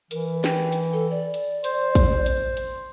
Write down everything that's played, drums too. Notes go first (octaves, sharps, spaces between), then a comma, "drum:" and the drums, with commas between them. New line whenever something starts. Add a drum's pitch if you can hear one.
E3 A#4, drum: hi-hat
G5, drum: snare
drum: hi-hat
A4
D5
drum: hi-hat
C5, drum: hi-hat
drum: kick, hi-hat
drum: hi-hat
drum: hi-hat